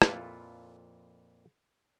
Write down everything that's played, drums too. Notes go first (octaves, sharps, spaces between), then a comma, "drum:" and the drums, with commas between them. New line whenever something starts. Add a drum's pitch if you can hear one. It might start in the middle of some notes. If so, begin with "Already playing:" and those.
F2 A#2 E4 F4 A4 B4, drum: rim click